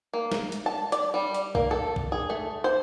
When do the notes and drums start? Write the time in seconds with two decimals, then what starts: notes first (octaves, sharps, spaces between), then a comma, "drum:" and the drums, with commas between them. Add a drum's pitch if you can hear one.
0.14 A#3
0.32 drum: snare
0.52 drum: hi-hat
0.66 A5
0.92 D5, drum: hi-hat
1.14 G3
1.34 drum: hi-hat
1.55 A#3, drum: kick
1.71 A4
1.96 drum: kick
2.12 G#4
2.30 A3
2.64 C5